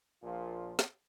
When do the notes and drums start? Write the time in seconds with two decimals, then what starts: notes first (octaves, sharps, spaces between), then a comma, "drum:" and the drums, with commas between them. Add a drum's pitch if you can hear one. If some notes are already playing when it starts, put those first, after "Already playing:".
0.23 A#1 A#2 F3 F4
0.79 drum: snare